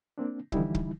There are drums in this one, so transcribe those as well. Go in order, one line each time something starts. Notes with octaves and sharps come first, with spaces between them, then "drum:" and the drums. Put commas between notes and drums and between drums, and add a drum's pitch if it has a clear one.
A#3 C4 D4
D3 E3 F3 G3 D#4 E4, drum: kick
drum: kick